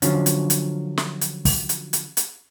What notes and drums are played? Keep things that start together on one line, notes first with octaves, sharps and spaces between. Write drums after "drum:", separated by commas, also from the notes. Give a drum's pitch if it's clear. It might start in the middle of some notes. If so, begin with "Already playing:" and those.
D3 F3 F#3 C#4, drum: hi-hat
drum: hi-hat
drum: hi-hat
drum: snare
drum: hi-hat
drum: kick, open hi-hat
drum: hi-hat
drum: hi-hat
drum: hi-hat